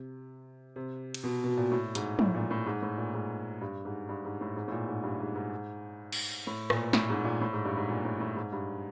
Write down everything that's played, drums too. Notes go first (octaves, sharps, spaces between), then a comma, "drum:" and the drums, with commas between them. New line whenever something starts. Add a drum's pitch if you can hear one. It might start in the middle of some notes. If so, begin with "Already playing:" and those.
Already playing: C3
C3
drum: cymbal
B2
B2
A#2
A2
G#2, drum: hi-hat
A2, drum: tom
A#2
A2
G#2
A2
A#2
G#2
G2
G#2
G2
G#2
A2
G#2
A2
A#2
G#2
G2
G#2
G#2
drum: cymbal
A2
A#2, drum: rim click
A2, drum: snare
G#2
A#2
A2
G#2
G2
G#2
A#2
A2
A2
G#2
G2